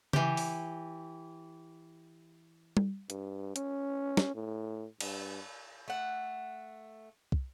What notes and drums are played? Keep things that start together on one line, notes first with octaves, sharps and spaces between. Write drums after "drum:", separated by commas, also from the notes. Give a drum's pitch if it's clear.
E3 G4, drum: tom C#3
drum: open hi-hat
drum: tom G3
G2, drum: hi-hat
C#4, drum: hi-hat
drum: snare
A2
G2, drum: cymbal
A3 F#5
drum: kick